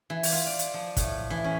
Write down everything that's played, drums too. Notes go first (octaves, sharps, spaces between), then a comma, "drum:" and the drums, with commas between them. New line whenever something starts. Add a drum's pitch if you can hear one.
E3
drum: open hi-hat
F4
D5
drum: hi-hat
F3
A2, drum: kick, hi-hat
E3
C#4